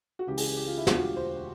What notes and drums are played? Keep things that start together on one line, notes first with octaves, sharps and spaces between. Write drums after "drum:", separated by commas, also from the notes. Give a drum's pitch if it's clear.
F#4
C#2 C#3 E3 G4
G#4, drum: open hi-hat
G#4
G4
F4
E4
E1 D2 D3 F3 F4, drum: snare
F#4
G4
C5